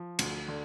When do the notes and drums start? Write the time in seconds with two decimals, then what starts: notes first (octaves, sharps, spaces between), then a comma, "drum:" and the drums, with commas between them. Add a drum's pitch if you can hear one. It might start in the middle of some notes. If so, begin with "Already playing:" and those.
Already playing: F3
0.19 D2, drum: cymbal
0.48 D3